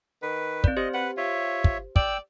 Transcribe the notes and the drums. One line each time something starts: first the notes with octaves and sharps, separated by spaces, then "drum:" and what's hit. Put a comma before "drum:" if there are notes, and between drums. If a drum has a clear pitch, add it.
D#3 B4
C4 D5, drum: kick
G4 C5 D#5
B4 F#5
F4 C#5 E5
drum: kick
D5 G5 E6, drum: kick